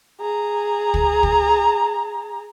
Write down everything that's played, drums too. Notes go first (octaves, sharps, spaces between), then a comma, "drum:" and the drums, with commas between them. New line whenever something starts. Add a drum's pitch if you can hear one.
G#4 A#5
drum: kick
drum: kick